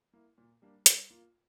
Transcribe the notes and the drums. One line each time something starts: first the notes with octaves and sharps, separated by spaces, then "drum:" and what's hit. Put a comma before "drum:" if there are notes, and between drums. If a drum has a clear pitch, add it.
A#3 E4
A#2
G3 A#3 D4
G3, drum: hi-hat
A#3 F4